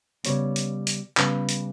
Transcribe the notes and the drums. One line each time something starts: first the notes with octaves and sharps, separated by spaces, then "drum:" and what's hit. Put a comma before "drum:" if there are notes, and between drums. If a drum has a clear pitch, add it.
C#3 G3 B3 C#5, drum: hi-hat
drum: hi-hat
drum: hi-hat
C#3 G3 B3 B4, drum: clap
drum: hi-hat